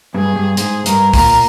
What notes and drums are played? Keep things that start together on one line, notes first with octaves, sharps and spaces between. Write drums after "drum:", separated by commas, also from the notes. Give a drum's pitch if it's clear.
G2 G#4
G2
G#2 G#4, drum: hi-hat
G2 A#4, drum: hi-hat
A#2 A#4, drum: kick, open hi-hat